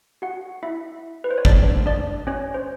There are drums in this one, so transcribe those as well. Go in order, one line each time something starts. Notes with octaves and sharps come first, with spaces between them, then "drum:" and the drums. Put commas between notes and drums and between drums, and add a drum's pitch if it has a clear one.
F#4 F#5
E4 E5
B4
C5
C#5
D4 D5, drum: kick G#1
D4 D5
C#4 C#5
C5